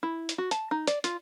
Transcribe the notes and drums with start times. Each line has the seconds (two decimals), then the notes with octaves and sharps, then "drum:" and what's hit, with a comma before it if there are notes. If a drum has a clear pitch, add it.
0.03 E4
0.29 drum: hi-hat
0.38 F#4
0.51 A5, drum: hi-hat
0.71 D#4
0.87 D5, drum: hi-hat
1.04 F4, drum: hi-hat